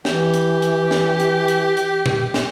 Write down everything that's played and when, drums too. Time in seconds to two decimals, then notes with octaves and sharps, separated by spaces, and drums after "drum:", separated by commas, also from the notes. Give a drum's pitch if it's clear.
0.05 E3 G4, drum: snare
0.34 drum: hi-hat
0.62 drum: hi-hat
0.91 drum: snare
1.20 drum: hi-hat
1.48 drum: hi-hat
1.77 drum: hi-hat
2.06 drum: tom A#2
2.34 drum: snare